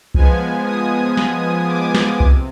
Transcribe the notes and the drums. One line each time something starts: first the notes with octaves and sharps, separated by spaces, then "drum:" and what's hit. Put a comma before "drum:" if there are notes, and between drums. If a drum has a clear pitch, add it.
F3 G#3 B3 G#5, drum: kick C2
D#6
drum: snare
D6
drum: snare
C3, drum: kick C2